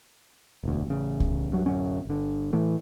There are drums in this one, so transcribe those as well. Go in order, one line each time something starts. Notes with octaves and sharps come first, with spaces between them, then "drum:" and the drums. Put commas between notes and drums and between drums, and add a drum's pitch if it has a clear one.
E1 D2
A1 C#3
drum: kick C2
G2 F#3
D1 F#2 C#4
G1 D3
A2 E3 A3